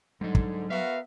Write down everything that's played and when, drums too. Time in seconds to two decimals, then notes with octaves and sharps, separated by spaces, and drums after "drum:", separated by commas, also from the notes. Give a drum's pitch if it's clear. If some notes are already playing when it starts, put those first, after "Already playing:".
0.21 G#2 D3 F#3 G3 D#4
0.35 drum: kick
0.70 B3 F#4 A#4 E5 F5